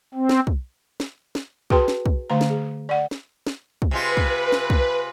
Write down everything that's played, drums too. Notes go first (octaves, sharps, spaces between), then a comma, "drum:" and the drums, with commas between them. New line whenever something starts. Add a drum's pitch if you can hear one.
C4
drum: snare
drum: kick
drum: snare
drum: snare
F#4 G#4 B4 G5 A5 C6, drum: kick
drum: snare
drum: kick
D3 A3 F5 A#5
drum: snare
G#4
D5 F#5
drum: snare
drum: snare
drum: kick
C3 G#3 F4 B4
drum: kick
drum: snare
drum: kick